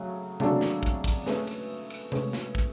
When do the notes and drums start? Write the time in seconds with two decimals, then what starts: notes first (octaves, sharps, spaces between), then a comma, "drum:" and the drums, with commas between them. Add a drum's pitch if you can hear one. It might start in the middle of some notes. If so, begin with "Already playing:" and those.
Already playing: C#3 F#3 A3
0.40 C#3 F#3 A3 D4 A4, drum: tom C3
0.61 drum: snare
0.83 drum: kick
1.04 drum: kick, cymbal
1.26 A3 C#4 G#4 B4, drum: snare
1.47 drum: cymbal
1.90 drum: cymbal
2.12 A3 C#4 G#4 B4, drum: tom C3
2.33 drum: snare
2.55 drum: kick